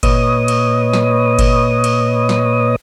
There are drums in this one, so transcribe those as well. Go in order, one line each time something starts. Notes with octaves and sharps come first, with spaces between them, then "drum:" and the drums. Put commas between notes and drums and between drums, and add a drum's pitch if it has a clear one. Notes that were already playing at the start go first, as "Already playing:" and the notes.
A#2 B4 C#5 D#5 D#6, drum: kick G1, cymbal
drum: cymbal
drum: snare
drum: kick G1, cymbal
drum: cymbal
drum: snare